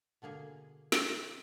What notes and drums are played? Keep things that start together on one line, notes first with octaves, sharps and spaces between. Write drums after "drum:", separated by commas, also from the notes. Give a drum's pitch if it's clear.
B2 D3 A#3 G#4
drum: snare